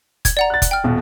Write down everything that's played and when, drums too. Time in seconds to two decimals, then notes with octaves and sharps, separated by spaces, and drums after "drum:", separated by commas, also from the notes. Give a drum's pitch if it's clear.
0.25 G#6, drum: kick F1, hi-hat
0.37 D5 F#5 A#5
0.50 F#6 A6
0.62 drum: kick F1, hi-hat
0.71 G5 F6
0.84 D#1 B2